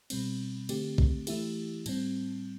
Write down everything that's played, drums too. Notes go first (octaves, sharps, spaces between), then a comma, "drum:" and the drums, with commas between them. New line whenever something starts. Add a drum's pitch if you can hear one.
B2 G3 C4, drum: cymbal
D3 A3 C4 G4, drum: cymbal
drum: kick A#1
E3 A3 E4 G4, drum: cymbal
A2 G3 C4, drum: cymbal